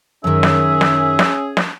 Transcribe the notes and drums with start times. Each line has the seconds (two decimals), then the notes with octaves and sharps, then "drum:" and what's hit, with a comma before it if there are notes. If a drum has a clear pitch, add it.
0.24 F#2 D#3 C#4 G#4 E5
0.43 drum: snare
0.81 drum: snare
1.19 drum: snare
1.57 drum: snare